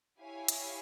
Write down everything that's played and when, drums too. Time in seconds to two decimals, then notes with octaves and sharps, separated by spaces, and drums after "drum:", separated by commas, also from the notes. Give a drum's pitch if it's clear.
0.21 E4 G4 C#5 F5 G#5
0.48 drum: hi-hat